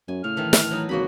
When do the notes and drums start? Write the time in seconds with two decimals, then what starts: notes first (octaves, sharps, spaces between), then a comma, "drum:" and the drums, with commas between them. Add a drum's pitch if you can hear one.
0.08 F#2 G#5
0.24 A2 C#3 F6
0.36 D#3 E3 A4
0.53 drum: snare
0.70 E3 F#3 D#4
0.89 G#1 C#3 A#3 F#4 B5